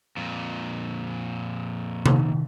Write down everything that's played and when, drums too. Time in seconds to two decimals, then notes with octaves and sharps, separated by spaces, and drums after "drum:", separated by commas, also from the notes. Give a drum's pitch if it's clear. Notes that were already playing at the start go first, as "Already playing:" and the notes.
0.17 F2 A#2
2.06 D#3, drum: tom C3